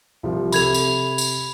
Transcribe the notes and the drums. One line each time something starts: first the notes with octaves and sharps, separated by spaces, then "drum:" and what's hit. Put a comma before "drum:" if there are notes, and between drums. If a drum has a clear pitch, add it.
C2 F3 G3
C3 G4 A4 B5 G#6 F7, drum: tambourine
drum: tambourine
drum: tambourine